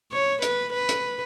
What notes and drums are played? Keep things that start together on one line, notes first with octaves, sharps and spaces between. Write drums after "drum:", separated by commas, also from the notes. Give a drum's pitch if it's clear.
C#5
B4, drum: hi-hat
B4
drum: hi-hat